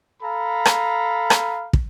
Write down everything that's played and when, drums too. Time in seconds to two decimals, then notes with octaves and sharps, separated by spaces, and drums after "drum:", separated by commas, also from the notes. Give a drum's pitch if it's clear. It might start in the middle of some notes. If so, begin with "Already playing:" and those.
0.22 A4 F5 A#5 B5
0.65 drum: rim click
1.30 drum: rim click
1.73 drum: kick